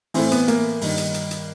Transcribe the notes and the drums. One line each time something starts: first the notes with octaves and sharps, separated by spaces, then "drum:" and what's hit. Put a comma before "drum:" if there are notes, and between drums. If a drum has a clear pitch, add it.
A2 E3 C4, drum: open hi-hat
B3, drum: hi-hat
A#3, drum: hi-hat
G2 D#3, drum: open hi-hat
drum: hi-hat
drum: hi-hat
drum: hi-hat